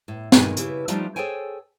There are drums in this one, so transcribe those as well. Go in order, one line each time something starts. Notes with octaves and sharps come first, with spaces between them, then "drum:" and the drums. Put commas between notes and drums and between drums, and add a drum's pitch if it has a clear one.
A2
G2 D#3 G#3 A#3 G#5, drum: snare
C#3 E4 G4 B4, drum: hi-hat
F3 G3 A3 D4 D#4 F4, drum: hi-hat
G#4 A4 C5 C#5 G5 G#5